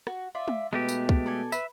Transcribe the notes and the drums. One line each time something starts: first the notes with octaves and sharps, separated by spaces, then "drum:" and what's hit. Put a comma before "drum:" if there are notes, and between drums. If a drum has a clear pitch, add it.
F#4, drum: rim click
F4 D5 E5
drum: tom
B2 G#3 A3 G4 B4
drum: tambourine
drum: kick
A4 D5 G#5
B4 E5, drum: tambourine